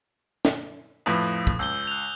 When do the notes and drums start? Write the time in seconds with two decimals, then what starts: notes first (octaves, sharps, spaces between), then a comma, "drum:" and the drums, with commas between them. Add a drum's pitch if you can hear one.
0.45 drum: snare
1.06 F2 A2 B4 D#6
1.47 drum: kick
1.59 C#2 E6 G6 G7
1.87 F#6 F7